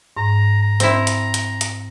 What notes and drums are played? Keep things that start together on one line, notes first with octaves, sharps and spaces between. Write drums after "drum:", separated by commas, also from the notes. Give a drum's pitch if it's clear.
G#2 A#5
A#5
C4 E4, drum: hi-hat
drum: hi-hat
drum: hi-hat
drum: hi-hat